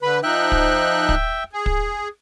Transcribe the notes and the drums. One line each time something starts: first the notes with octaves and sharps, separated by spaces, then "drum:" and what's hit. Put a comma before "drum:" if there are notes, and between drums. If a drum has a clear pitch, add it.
D3 B4 B5
F3 D#4 E5 G5 F#6
drum: kick
drum: kick
G#4
drum: kick